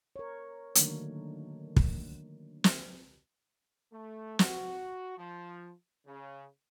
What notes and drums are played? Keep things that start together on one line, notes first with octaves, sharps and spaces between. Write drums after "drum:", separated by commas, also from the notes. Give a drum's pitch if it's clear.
A#4 C#5
D3 D#3 F#3 A3 A#3 D4, drum: hi-hat
drum: kick
drum: snare
A3
F#4, drum: snare
F3
C#3